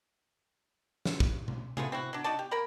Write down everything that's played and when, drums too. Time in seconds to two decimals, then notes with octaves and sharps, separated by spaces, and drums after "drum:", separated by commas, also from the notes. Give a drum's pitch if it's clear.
1.05 drum: snare
1.20 drum: kick
1.48 drum: tom B2
1.77 A3 B3 F4 G#4, drum: tom C3
1.92 C4 E4 F#4
2.13 F#3 D4
2.24 D#4 F#4 D5 A5
2.39 G4
2.51 A#3 A#4 B5